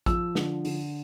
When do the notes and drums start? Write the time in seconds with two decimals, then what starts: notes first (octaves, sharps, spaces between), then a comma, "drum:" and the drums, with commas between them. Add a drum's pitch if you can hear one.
0.06 F3 E6, drum: kick A1, hi-hat
0.35 D3, drum: snare
0.65 D3, drum: open hi-hat